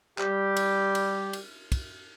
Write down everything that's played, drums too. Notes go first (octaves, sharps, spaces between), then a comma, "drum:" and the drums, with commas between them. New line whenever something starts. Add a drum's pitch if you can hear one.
G3 G4, drum: clap
drum: cymbal
drum: cymbal
drum: cymbal
drum: kick, cymbal